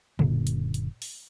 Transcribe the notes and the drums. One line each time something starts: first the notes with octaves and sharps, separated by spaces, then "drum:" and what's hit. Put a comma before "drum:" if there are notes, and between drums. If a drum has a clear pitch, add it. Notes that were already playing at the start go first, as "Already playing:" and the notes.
F#1 A#2 D3, drum: tom
drum: hi-hat
drum: hi-hat
drum: open hi-hat